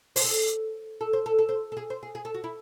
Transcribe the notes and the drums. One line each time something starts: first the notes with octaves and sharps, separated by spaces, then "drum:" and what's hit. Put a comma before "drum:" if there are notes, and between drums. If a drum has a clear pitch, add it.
C5, drum: open hi-hat
A4
A4
C5
A4
A4
C5
A4
G#4
C5
G#4
G#4
A4
F#4
E4